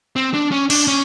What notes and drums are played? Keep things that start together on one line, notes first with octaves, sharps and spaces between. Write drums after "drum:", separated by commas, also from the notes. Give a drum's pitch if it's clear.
C4
D4
C#4
D4, drum: cymbal
C#4